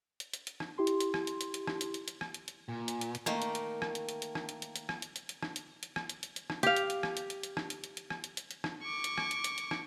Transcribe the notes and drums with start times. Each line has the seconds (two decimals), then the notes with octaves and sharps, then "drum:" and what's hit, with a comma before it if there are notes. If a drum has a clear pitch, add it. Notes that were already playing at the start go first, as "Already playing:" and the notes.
0.20 drum: hi-hat
0.34 drum: hi-hat
0.47 drum: hi-hat
0.60 drum: rim click
0.78 E4 G4 C6
0.87 drum: hi-hat
1.00 drum: hi-hat
1.14 drum: rim click
1.27 drum: hi-hat
1.41 drum: hi-hat
1.54 drum: hi-hat
1.67 drum: rim click
1.81 drum: hi-hat
1.94 drum: hi-hat
2.08 drum: hi-hat
2.21 drum: rim click
2.34 drum: hi-hat
2.48 drum: hi-hat
2.69 A#2
2.88 drum: hi-hat
3.01 drum: hi-hat
3.15 drum: hi-hat
3.26 D#3 A3 A#3, drum: rim click
3.42 drum: hi-hat
3.55 drum: hi-hat
3.82 drum: rim click
3.95 drum: hi-hat
4.09 drum: hi-hat
4.22 drum: hi-hat
4.35 drum: rim click
4.49 drum: hi-hat
4.62 drum: hi-hat
4.76 drum: hi-hat
4.89 drum: rim click
5.02 drum: hi-hat
5.16 drum: hi-hat
5.29 drum: hi-hat
5.43 drum: rim click
5.56 drum: hi-hat
5.83 drum: hi-hat
5.96 drum: rim click
6.09 drum: hi-hat
6.23 drum: hi-hat
6.36 drum: hi-hat
6.50 drum: rim click
6.63 G4 F5, drum: hi-hat
6.76 drum: hi-hat
6.90 drum: hi-hat
7.03 drum: rim click
7.17 drum: hi-hat
7.30 drum: hi-hat
7.43 drum: hi-hat
7.57 drum: rim click
7.70 drum: hi-hat
7.84 drum: hi-hat
7.97 drum: hi-hat
8.10 drum: rim click
8.24 drum: hi-hat
8.37 drum: hi-hat
8.51 drum: hi-hat
8.64 drum: rim click
8.83 C#6 D6
9.04 drum: hi-hat
9.18 drum: rim click
9.31 drum: hi-hat
9.44 drum: hi-hat
9.58 drum: hi-hat
9.71 drum: rim click